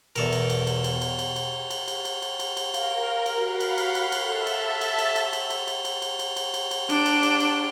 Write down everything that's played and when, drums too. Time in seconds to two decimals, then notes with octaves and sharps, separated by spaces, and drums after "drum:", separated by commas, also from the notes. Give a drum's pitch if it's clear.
0.16 E2 B2 A4 A#4, drum: cymbal
0.32 drum: cymbal
0.50 drum: cymbal
0.67 drum: cymbal
0.84 drum: cymbal
1.01 drum: cymbal
1.19 drum: cymbal
1.36 drum: cymbal
1.70 drum: cymbal
1.88 drum: cymbal
2.05 drum: cymbal
2.22 drum: cymbal
2.40 drum: cymbal
2.57 drum: cymbal
2.74 A#4 F5, drum: cymbal
3.26 drum: cymbal
3.37 F#4 F5 F#5 B5
3.60 drum: cymbal
3.78 drum: cymbal
3.95 drum: cymbal
4.12 drum: cymbal
4.24 A4 E5 A5
4.47 drum: cymbal
4.81 drum: cymbal
4.98 drum: cymbal
5.16 drum: cymbal
5.33 drum: cymbal
5.50 drum: cymbal
5.67 drum: cymbal
5.85 drum: cymbal
6.02 drum: cymbal
6.19 drum: cymbal
6.37 drum: cymbal
6.54 drum: cymbal
6.71 drum: cymbal
6.89 D4 D7, drum: cymbal
7.06 drum: cymbal
7.23 drum: cymbal
7.40 drum: cymbal